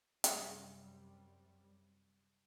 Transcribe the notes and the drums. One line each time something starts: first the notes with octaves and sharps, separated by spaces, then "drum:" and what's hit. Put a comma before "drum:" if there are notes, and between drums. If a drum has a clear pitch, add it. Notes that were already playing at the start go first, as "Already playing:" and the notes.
F#2 C3 G3, drum: hi-hat